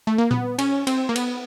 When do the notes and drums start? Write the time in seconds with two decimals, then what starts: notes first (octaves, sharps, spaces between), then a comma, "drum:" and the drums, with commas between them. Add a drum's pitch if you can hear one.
0.07 A3
0.18 A#3
0.31 B3, drum: tom A#2
0.58 C#4, drum: cymbal
0.87 C4, drum: cymbal
1.09 A#3
1.16 B3, drum: cymbal